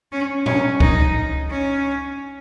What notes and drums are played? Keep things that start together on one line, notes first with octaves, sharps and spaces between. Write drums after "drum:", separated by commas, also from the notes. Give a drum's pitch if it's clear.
C#4
C#4, drum: tom A2
D#4, drum: kick C#2
C#4